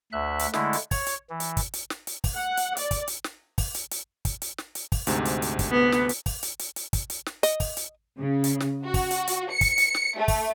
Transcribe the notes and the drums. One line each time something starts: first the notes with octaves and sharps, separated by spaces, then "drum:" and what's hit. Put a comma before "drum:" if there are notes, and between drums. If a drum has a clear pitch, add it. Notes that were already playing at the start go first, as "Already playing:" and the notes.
D2 E5 F#6
drum: hi-hat
D3 G#3 A3 E4, drum: snare
drum: hi-hat
C#5, drum: kick, open hi-hat
drum: hi-hat
E3
drum: hi-hat
drum: kick, hi-hat
drum: hi-hat
drum: snare
drum: hi-hat
drum: kick, open hi-hat
F#5
drum: hi-hat
D5, drum: hi-hat
drum: kick, hi-hat
drum: hi-hat
drum: snare
drum: kick, open hi-hat
drum: hi-hat
drum: hi-hat
drum: kick, hi-hat
drum: hi-hat
drum: snare
drum: hi-hat
drum: kick, open hi-hat
D2 G#2 C3, drum: hi-hat
drum: hi-hat
drum: hi-hat
drum: kick, hi-hat
B3
drum: snare
drum: hi-hat
drum: kick, open hi-hat
drum: hi-hat
drum: hi-hat
drum: hi-hat
drum: kick, hi-hat
drum: hi-hat
drum: snare
D#5, drum: hi-hat
drum: kick, open hi-hat
drum: hi-hat
C#3
drum: hi-hat
drum: snare
F#4
drum: kick, open hi-hat
drum: hi-hat
drum: hi-hat
C#7
drum: kick, hi-hat
drum: hi-hat
drum: snare
A3
drum: kick, open hi-hat